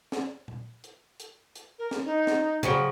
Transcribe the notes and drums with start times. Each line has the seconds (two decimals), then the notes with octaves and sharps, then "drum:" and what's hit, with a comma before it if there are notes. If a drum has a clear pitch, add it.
0.12 drum: snare
0.48 drum: tom A#2
0.84 drum: hi-hat
1.20 drum: hi-hat
1.55 drum: hi-hat
1.78 A#4
1.91 drum: snare
2.04 D#4
2.27 drum: snare
2.63 C#3 F3 F#3 G5, drum: tom A2